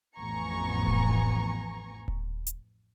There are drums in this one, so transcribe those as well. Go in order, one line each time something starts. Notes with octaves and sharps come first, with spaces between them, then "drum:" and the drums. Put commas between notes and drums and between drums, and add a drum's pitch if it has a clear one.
A1 F2 B3 G#5 A#5 C#6
drum: kick D#1
drum: kick D#1
drum: hi-hat